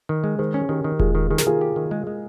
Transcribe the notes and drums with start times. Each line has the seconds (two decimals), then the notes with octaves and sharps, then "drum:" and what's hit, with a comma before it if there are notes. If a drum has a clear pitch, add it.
0.09 D#3
0.24 G#3
0.39 D#3 G#4 C5
0.54 C#4
0.69 D#3 G4 A#4
0.84 D#3
0.99 G#3 F4 G#4, drum: kick E1
1.15 D#3
1.30 D#3 G#4
1.38 A#4, drum: snare
1.46 D#3 F4 G#4
1.61 G4
1.76 D#3
1.91 G#3
2.07 G#3